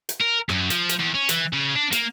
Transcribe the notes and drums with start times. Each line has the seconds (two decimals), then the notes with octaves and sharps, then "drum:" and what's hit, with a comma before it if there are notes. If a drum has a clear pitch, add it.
0.09 drum: hi-hat
0.21 A#4
0.49 F#2, drum: rim click
0.70 F3, drum: hi-hat
0.89 drum: hi-hat
0.99 E2
1.14 C#4
1.29 E3, drum: hi-hat
1.53 C#3
1.76 D4
1.92 A#3, drum: hi-hat